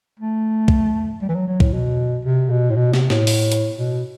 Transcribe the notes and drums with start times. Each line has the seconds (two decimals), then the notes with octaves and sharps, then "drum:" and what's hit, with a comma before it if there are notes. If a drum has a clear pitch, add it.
0.19 A3
0.68 drum: kick
1.22 G3
1.29 E3
1.34 F#3
1.47 F#3
1.60 A2, drum: kick
1.73 B2
2.25 C3
2.50 B2
2.70 A2
2.76 B2
2.93 C3, drum: snare
3.10 A2, drum: snare
3.27 drum: open hi-hat
3.52 drum: hi-hat
3.78 B2